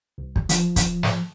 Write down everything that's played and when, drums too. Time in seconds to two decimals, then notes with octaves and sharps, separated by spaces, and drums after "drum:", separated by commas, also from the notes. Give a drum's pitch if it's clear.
0.18 C2
0.36 drum: kick
0.49 F3, drum: hi-hat
0.76 drum: kick, hi-hat
1.03 drum: snare